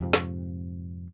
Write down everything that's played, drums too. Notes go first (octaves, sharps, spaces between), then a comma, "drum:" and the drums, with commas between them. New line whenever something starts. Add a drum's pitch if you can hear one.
F2 G#2 C3 F3
drum: snare